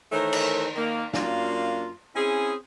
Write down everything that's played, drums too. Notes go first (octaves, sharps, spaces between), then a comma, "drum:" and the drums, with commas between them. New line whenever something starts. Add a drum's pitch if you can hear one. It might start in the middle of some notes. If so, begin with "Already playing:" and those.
D#3 E3 A3 A#4 C5 C#5
drum: cymbal
D#3 A#3
F#2 A#3 D4 F4, drum: snare
C4 C#4 E4 G#4